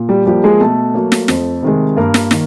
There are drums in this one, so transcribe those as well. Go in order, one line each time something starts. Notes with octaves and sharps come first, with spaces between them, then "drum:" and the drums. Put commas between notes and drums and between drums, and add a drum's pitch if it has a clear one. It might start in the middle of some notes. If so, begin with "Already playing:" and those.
Already playing: A#2
G3 G4
F3 G3 A#3 G4
G#3 G#4
B2 A3 A4
F#3 A#3
drum: snare
F2, drum: snare
C3 D#3 G#3
G2 A#3 A#4
drum: snare
D#3, drum: snare